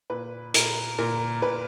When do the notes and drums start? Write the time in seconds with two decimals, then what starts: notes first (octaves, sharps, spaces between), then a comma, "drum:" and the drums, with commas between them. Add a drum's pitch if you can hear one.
0.10 A#2 B4
0.54 A#2 A#4, drum: hi-hat
0.98 A#2 A#4
1.42 A#2 B4